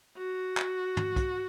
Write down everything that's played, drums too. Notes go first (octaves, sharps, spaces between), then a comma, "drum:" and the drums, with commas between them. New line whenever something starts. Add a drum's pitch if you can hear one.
F#4
drum: clap
drum: tom
drum: kick, hi-hat